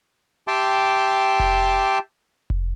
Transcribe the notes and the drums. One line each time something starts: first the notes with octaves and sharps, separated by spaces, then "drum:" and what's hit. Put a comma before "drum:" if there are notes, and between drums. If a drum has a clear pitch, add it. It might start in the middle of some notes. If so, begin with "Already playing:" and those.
G4 E5 G5 A5 C6 D6
drum: kick F1
drum: kick F1